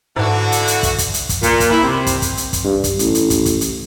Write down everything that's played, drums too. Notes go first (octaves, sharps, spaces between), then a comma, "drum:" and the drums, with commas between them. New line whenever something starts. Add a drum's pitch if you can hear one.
G#2 D3 E3 F#4
drum: hi-hat
drum: hi-hat
drum: kick, hi-hat
drum: kick, hi-hat
drum: hi-hat
drum: kick, hi-hat
A#2, drum: kick, hi-hat
drum: kick, hi-hat
E4
C3
drum: kick, hi-hat
drum: kick, hi-hat
drum: hi-hat
drum: kick, hi-hat
G2
drum: kick, hi-hat
A1, drum: hi-hat
drum: hi-hat
drum: kick, hi-hat
drum: kick, hi-hat
drum: hi-hat